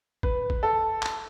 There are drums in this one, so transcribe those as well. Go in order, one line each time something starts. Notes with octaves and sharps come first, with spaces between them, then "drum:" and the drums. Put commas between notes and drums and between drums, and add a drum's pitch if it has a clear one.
B4, drum: kick
drum: kick
A4
drum: clap